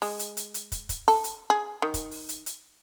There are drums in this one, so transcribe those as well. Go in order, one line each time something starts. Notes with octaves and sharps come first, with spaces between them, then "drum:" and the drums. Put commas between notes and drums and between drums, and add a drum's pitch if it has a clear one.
G#3, drum: open hi-hat
drum: hi-hat
drum: hi-hat
drum: hi-hat
drum: kick, hi-hat
drum: kick, hi-hat
A4, drum: open hi-hat
drum: hi-hat
G#4
D#3
drum: kick, hi-hat
drum: open hi-hat
drum: hi-hat
drum: hi-hat